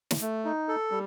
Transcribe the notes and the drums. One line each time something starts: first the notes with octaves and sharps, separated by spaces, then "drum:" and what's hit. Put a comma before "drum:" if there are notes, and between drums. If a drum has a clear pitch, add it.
drum: snare
A3
D#4
A4
G3